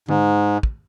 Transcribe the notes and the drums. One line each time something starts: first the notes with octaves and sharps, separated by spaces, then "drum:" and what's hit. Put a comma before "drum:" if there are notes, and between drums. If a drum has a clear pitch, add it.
G#2, drum: tom D3
drum: kick